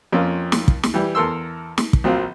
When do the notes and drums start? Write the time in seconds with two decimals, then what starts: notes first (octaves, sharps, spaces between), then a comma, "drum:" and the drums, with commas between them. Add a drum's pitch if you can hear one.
0.12 F2 A#3 C#4 F4
0.52 drum: snare
0.68 drum: kick
0.83 drum: snare
0.94 E3 G3
1.15 E2 A4 A#4 C6 E6
1.78 drum: snare
1.93 drum: kick
2.04 A#1 F#3 C4 F4